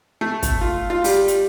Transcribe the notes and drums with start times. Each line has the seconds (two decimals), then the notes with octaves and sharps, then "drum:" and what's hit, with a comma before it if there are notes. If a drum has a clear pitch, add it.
0.21 A3
0.43 drum: kick, hi-hat
0.61 F4
0.90 F4
1.04 G3, drum: open hi-hat
1.28 drum: hi-hat